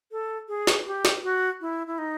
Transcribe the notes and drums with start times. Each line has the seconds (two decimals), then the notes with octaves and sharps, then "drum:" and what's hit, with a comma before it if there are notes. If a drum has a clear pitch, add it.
0.12 A4
0.48 G#4
0.67 drum: snare
0.86 G4
1.05 drum: snare
1.23 F#4
1.61 E4
1.87 E4
1.98 D#4